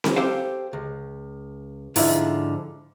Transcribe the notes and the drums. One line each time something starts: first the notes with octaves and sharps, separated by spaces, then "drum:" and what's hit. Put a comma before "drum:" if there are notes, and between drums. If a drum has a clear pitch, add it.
drum: snare C4
G4 A4 C5 F5
C#2
G#2 D3 F3 E4 F4, drum: open hi-hat